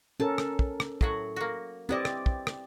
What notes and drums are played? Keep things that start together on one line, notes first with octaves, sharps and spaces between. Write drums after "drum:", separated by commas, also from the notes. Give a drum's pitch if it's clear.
C#4 A4 A#4 A5
drum: rim click
drum: kick
drum: rim click
A2 F#3 F#4, drum: kick
A#3 F#4
B3 C4 E4 G4 D5 D#5
drum: rim click
drum: kick
drum: rim click